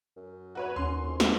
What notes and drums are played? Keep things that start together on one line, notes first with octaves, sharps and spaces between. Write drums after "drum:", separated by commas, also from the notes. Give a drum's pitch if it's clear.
F#2
F#4 B4 C#5
D#2 C#4 C6
F2
A4, drum: snare